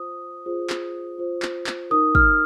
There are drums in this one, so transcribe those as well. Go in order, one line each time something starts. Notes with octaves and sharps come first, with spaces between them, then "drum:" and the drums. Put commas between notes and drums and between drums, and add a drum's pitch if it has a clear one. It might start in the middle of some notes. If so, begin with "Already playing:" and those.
Already playing: F4 C5 D#6
F4 G#4 C5
drum: clap
F4 C5
drum: clap
drum: clap
D#4 A#4 D#6
F6, drum: kick